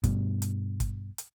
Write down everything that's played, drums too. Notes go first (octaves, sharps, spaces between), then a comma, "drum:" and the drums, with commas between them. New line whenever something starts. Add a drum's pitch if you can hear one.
G2 B2, drum: kick, hi-hat
drum: hi-hat
drum: kick, hi-hat
drum: hi-hat